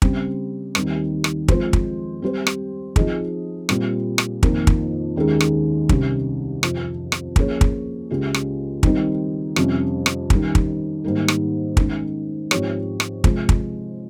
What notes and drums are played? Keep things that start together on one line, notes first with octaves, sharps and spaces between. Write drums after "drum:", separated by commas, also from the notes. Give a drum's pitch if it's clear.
C#3 G3 C4, drum: kick
D#2 D#3 G3 C4 D#4, drum: rim click
drum: rim click
F3 G#3 C4 F4 C5, drum: kick
drum: kick
G3 C4 G4 C5
drum: rim click
F3 C4 D#4 G#4 D#5, drum: kick
A#2 G3 C4 F4, drum: rim click
drum: rim click
F2 D#3 A#3 F4, drum: kick
drum: kick
D#2 D#3 G#3 C#4 G#4
drum: rim click
C2 C3 D#3 G3 C#4, drum: kick
F2 C3 F3, drum: rim click
drum: rim click
F3 A#3 C#4 G#4 C#5, drum: kick
drum: kick
C#2 C#3 G#3 C#4 G4
drum: rim click
D#3 G3 C4 D#4, drum: kick
F2 C3 G3 C#4, drum: rim click
drum: rim click
D#3 G3 C#4, drum: kick
drum: kick
G#2 D#3 G3 A#3 D#4
drum: rim click
D#3 G#3 C#4, drum: kick
G#2 F3 C4 G4 C#5, drum: rim click
drum: rim click
C3 F3 G#3, drum: kick
drum: kick